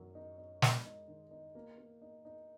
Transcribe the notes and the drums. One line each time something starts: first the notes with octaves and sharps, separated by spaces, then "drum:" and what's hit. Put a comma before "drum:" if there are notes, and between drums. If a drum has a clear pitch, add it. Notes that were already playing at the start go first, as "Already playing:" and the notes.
Already playing: F#2 D#3 F#3
D#4
D#4
G#3, drum: snare
D#4
D#3
D#4
A#3
A#3
D#4
D#4